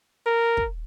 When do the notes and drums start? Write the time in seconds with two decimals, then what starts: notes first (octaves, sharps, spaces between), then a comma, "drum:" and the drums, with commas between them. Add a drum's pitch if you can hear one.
0.26 A#4
0.57 drum: kick